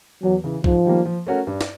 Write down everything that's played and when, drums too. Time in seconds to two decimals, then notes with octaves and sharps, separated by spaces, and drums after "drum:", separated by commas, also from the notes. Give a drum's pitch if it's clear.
0.23 E2 F#3
0.44 C#3 E3
0.64 G#2 F3, drum: kick
0.85 D#3 G3 A#3
1.05 F3
1.27 A3 C#4 F#4 A#4
1.47 G2
1.61 drum: snare